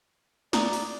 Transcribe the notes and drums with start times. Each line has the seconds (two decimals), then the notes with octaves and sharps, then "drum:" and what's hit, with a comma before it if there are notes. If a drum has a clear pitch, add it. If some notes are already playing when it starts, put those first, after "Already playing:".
0.53 D5 A#5 D#6, drum: snare
0.73 drum: open hi-hat